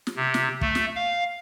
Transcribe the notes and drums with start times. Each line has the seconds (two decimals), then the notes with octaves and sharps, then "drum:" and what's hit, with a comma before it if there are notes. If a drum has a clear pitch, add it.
0.07 drum: snare
0.16 C3
0.34 drum: snare
0.61 A3, drum: kick
0.75 drum: snare
0.96 F5